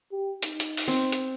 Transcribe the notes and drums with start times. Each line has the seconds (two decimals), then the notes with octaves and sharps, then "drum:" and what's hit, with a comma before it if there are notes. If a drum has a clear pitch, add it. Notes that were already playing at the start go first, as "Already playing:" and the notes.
0.12 G4
0.42 D#4, drum: hi-hat
0.60 drum: hi-hat
0.77 drum: open hi-hat
0.88 C4
1.12 drum: hi-hat